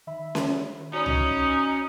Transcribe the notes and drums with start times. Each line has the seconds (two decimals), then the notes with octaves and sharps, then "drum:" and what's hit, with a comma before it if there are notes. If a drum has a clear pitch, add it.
0.07 D#3 E5 B5
0.35 drum: snare C#4
0.93 C#4 D#4 F#4 D5 B5
1.06 drum: tom C2